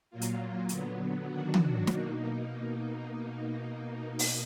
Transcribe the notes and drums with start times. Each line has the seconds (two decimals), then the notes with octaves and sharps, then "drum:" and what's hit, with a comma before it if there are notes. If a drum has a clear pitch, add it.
0.10 A#2 F#3 A#3 F4
0.21 drum: hi-hat
0.69 D3 F#3 B3, drum: hi-hat
1.28 D#3 F#3 D4 F#4
1.54 drum: tom
1.87 B2 A#3 D#4, drum: snare
4.19 drum: open hi-hat